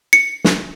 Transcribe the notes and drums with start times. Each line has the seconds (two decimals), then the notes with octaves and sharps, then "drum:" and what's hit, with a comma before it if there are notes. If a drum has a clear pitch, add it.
0.13 C#7
0.44 drum: snare